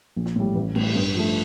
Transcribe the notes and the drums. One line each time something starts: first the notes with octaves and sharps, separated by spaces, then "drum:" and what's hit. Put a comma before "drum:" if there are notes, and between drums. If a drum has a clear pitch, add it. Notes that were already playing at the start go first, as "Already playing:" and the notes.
A#1
drum: snare
A2 G3
A1
A2 G3, drum: cymbal
G2
F3 A3